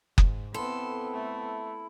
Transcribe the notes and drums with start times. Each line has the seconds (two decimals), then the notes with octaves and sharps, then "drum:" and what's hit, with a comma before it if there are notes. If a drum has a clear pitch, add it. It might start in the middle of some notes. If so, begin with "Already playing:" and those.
0.18 G#2, drum: kick F#1
0.54 B3 C4 E4 A4 C6
1.13 A3